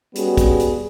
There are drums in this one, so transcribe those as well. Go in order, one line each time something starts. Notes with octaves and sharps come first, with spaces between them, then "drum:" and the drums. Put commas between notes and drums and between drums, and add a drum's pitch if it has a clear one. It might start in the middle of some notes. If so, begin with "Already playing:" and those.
G3 B3 C#4 F#4 G#4, drum: hi-hat
drum: kick, hi-hat
drum: hi-hat